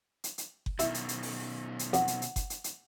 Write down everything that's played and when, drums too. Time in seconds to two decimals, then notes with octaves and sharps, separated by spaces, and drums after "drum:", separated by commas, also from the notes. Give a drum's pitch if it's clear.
0.24 drum: hi-hat
0.38 drum: hi-hat
0.66 drum: kick F#1
0.79 B2 D#3 E4, drum: hi-hat
0.94 drum: hi-hat
1.09 drum: hi-hat
1.23 drum: open hi-hat
1.79 drum: hi-hat
1.93 F2 F#5, drum: hi-hat
2.08 drum: hi-hat
2.22 drum: hi-hat
2.36 drum: kick F#1, hi-hat
2.50 drum: hi-hat
2.64 drum: hi-hat